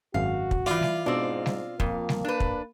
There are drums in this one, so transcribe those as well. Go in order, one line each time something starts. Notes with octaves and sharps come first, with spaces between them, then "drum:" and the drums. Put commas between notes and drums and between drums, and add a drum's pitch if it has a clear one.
G#1 F#2 F#4 F5
drum: kick
E3 F4 D5
drum: snare G3
G#2 B2 C4 D4 D5
drum: snare G3
F2 A#3, drum: kick
drum: snare G3
D4 B4
drum: kick